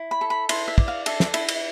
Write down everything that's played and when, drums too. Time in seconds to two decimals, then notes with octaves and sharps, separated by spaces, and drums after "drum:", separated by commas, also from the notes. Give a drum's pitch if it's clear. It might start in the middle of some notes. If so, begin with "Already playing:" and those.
Already playing: E4
0.11 B5
0.21 A4
0.30 B5
0.49 E4 C6, drum: cymbal
0.68 E5
0.78 D5, drum: kick
0.88 F5
1.06 A4 E5, drum: cymbal
1.20 drum: snare
1.34 E4 E5, drum: cymbal
1.48 drum: cymbal